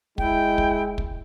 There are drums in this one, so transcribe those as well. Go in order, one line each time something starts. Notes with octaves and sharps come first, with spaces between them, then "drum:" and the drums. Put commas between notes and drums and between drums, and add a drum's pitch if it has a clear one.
G#3 E4 G5, drum: kick
drum: kick
drum: kick